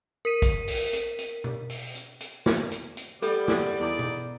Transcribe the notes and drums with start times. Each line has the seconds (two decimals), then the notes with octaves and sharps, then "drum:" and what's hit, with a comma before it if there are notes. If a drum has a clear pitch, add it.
0.25 A#4 B6 D#7
0.42 drum: kick, hi-hat
0.68 drum: open hi-hat
0.93 drum: hi-hat
1.19 drum: hi-hat
1.44 drum: tom B2
1.70 drum: open hi-hat
1.95 drum: hi-hat
2.21 drum: hi-hat
2.46 drum: snare
2.71 drum: hi-hat
2.97 drum: hi-hat
3.22 G3 B3 A4 D5, drum: hi-hat
3.48 drum: snare
3.80 E2 D#4 D5
3.99 drum: tom B2